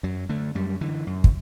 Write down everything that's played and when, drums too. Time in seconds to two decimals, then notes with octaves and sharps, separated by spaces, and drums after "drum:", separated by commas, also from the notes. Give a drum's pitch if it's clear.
0.03 F#2 F#3
0.29 D3 A3
0.55 F#2 G3
0.81 D3 E3
1.07 F#2
1.24 drum: kick